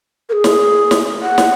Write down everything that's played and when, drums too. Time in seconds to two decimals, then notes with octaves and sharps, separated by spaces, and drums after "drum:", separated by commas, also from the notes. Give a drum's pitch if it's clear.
0.29 A#4
0.32 G#4
0.44 drum: snare
0.91 drum: snare
1.22 F#5
1.38 drum: snare